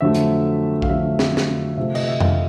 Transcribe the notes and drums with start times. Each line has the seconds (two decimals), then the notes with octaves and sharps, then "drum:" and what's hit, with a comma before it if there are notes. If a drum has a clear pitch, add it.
0.01 F2 D3 F#3 A3 E5
0.14 drum: hi-hat
0.82 F5, drum: kick
0.89 F2 D3 F#3 A3 E5
1.19 drum: snare
1.37 drum: snare
1.77 C3 F3 A3 E5
1.95 D#5, drum: cymbal
2.07 E5
2.20 F5, drum: tom F2